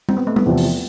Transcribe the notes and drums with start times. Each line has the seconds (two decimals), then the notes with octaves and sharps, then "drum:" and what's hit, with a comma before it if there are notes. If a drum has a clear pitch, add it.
0.09 C4, drum: tom
0.17 B3
0.27 A3
0.36 B3, drum: tom
0.45 E2 C3 F3
0.57 drum: open hi-hat